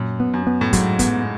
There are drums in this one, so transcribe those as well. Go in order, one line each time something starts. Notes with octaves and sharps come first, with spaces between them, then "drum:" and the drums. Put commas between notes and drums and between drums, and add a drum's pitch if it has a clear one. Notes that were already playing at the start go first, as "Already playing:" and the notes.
Already playing: F#2 A#2
B3
F#2
B3
A2
G#2 F#3, drum: kick, hi-hat
G#2 B3, drum: kick, hi-hat